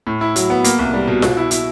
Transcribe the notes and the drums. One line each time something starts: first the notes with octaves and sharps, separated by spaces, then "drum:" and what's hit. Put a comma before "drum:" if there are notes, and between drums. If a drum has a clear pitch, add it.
A2
E4
F#3, drum: hi-hat
B3
A#3, drum: hi-hat
C2
G3
B2
B2, drum: snare F4
E4
E4, drum: hi-hat